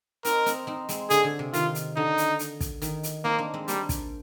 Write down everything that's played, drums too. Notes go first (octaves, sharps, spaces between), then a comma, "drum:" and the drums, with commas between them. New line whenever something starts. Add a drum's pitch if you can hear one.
C4 D#4 A#4, drum: hi-hat
C4 D#4, drum: hi-hat
C4 D#4
G#3 C4, drum: hi-hat
D3 G#4, drum: hi-hat
D3
C3
D#3 F4, drum: hi-hat
drum: hi-hat
D3 D#4
drum: hi-hat
drum: hi-hat
drum: kick, hi-hat
D#3, drum: hi-hat
drum: hi-hat
A#3 C4 D#4
A#3 D4
G#3 C4
G3 A#3 D4, drum: hi-hat
drum: kick, hi-hat